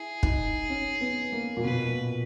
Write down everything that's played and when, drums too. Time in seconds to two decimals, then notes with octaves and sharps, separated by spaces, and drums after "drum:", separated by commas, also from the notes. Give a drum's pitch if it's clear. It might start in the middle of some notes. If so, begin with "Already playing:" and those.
Already playing: E4 G#4
0.23 D#4, drum: kick
0.70 C#4
1.01 B3
1.32 A#3
1.57 A#2
1.64 B2 B4
1.87 A#2